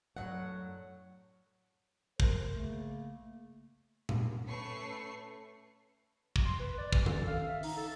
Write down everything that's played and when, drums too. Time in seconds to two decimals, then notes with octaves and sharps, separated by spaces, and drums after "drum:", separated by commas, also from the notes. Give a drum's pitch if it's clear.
0.17 F#2 A2 F#3 A4 C#5 F#5
2.20 A#4 C5, drum: kick
2.52 C#3 A3 A#3
4.09 drum: tom A#2
4.47 A3 C#4 B4 C#6 C7
6.36 drum: kick
6.45 C6
6.60 B4
6.78 D5
6.92 E3, drum: kick
7.06 A4, drum: tom D#3
7.27 F5
7.48 E5
7.63 D#4, drum: open hi-hat
7.77 A4